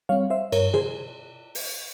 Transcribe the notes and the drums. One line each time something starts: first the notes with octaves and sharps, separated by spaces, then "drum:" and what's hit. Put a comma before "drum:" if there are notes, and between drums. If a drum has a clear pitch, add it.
G3 C4 C#5 F5
C5 E5
G2 A#4 C#5, drum: cymbal
G#4 C5, drum: tom C3
drum: open hi-hat